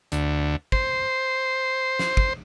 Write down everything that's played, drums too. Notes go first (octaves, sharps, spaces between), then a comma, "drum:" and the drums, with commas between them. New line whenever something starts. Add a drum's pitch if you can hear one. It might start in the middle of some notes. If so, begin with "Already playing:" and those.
D2, drum: hi-hat
C5, drum: kick
drum: snare
drum: kick